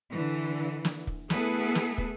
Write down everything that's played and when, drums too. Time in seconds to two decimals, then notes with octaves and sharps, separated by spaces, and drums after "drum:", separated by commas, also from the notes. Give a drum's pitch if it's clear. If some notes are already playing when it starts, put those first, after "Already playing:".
0.11 D3 E3
0.85 drum: snare
1.07 drum: kick
1.30 A3 B3 E4 G#4 A4 B4, drum: snare
1.75 drum: snare
1.98 drum: kick